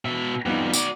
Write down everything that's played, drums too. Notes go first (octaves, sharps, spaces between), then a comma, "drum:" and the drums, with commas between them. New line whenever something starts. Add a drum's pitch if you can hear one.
B2 E5
F2 G3 B3 D#4
F#4 D5, drum: tambourine